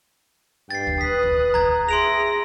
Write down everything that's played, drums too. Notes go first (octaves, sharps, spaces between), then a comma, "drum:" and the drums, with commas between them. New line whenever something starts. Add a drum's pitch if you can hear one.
G2 G5 A6 C7
drum: kick
B4 D#6 F#6 B6
drum: kick
A#5 G#6, drum: kick
G#4 E5 C6 A#6 D7 F7